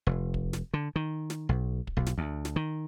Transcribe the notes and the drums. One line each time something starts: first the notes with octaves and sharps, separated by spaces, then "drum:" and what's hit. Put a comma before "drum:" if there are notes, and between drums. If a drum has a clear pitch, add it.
F1
drum: kick
drum: snare
D3
D#3
drum: snare
B1
drum: kick
B1
drum: snare
D2
drum: snare
D#3